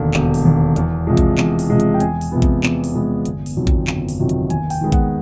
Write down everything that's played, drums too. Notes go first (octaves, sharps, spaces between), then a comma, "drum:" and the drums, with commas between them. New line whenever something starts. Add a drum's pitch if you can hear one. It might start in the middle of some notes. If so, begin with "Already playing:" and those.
Already playing: E1 D#2 D3
E1, drum: clap
drum: open hi-hat
D#2 D3
E2, drum: hi-hat
C3 F3 G#3
drum: kick, hi-hat
E2, drum: clap
drum: open hi-hat
C3 F3 G#3
drum: hi-hat
G5
E2 G#5, drum: hi-hat
drum: open hi-hat
C3 F3 G#3 B3
drum: kick, hi-hat
E2, drum: clap
drum: open hi-hat
C3 F3 G#3 B3
G1, drum: hi-hat
drum: open hi-hat
F2 C3 D#3 F#3
drum: kick, hi-hat
G1, drum: clap
drum: open hi-hat
F2 C3 D#3 F#3
drum: hi-hat
D#2 G#5, drum: hi-hat
G5, drum: open hi-hat
D#3 G#3 B3
F#5, drum: kick, hi-hat